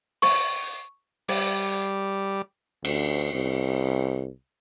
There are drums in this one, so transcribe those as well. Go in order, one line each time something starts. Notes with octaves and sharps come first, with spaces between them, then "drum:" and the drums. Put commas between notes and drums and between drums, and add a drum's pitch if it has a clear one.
C#6, drum: open hi-hat
G3, drum: open hi-hat
D2, drum: cymbal
C2